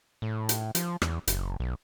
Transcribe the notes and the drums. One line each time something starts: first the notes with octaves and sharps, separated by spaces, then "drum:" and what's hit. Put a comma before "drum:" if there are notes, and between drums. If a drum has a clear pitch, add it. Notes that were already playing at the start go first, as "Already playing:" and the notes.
A2
drum: hi-hat
F3, drum: hi-hat
E2, drum: rim click
F#1, drum: hi-hat
B1